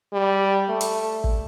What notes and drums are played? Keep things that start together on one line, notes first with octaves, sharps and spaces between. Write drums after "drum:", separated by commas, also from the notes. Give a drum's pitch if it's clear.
G3
A3
drum: hi-hat
drum: kick